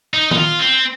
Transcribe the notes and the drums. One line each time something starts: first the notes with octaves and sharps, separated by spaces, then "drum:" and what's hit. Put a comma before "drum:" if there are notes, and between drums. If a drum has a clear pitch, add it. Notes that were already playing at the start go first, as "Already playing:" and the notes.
D#4
D#4, drum: tom
F4
C4